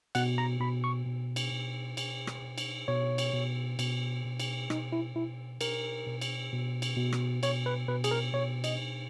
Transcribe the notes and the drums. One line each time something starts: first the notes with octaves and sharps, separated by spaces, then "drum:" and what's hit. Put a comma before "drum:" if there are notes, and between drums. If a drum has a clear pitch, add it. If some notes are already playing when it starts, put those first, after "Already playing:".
B2 F#5, drum: cymbal
A#5
B2 B5
C#6
B2
drum: cymbal
B2
B2, drum: cymbal
drum: rim click
B2
drum: cymbal
B2 C#5
drum: cymbal
B2
B2, drum: cymbal
B2
drum: cymbal
B2 D#4, drum: rim click
E4
B2 E4
B2 A#4, drum: cymbal
B2
drum: cymbal
B2
drum: cymbal
B2
drum: rim click
B2 C#5, drum: cymbal
B4
B2 B4
G#4, drum: cymbal
A#4
B2 C#5
D#5, drum: cymbal
B2